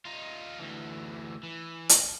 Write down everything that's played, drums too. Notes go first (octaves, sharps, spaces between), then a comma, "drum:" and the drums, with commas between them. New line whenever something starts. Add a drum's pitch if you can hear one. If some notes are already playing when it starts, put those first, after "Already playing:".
D#4 F4
D2 E3
E3
drum: hi-hat